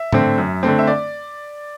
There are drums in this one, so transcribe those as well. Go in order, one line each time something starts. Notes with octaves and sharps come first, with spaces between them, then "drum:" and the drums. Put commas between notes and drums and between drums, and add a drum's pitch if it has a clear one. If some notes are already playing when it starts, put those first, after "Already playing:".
Already playing: E5
D3 A3 C4, drum: tom
F#2
D3 A3 C4
E5
D5